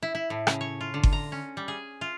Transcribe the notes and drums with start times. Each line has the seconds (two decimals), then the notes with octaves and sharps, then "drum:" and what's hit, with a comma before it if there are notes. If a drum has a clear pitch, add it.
0.03 E4
0.15 E4
0.30 A2
0.47 C#3, drum: rim click
0.61 C#5
0.81 F4
0.94 D3
1.03 drum: kick G1
1.13 A#5
1.32 C#4
1.57 G3
1.68 G#4
2.01 F4